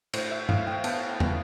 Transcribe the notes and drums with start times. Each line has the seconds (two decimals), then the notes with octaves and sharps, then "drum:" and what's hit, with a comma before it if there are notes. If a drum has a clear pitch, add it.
0.14 A2 C5, drum: cymbal
0.31 E5
0.49 A2 F5, drum: tom G2
0.67 G5
0.84 B3 A5, drum: cymbal
1.20 B3, drum: tom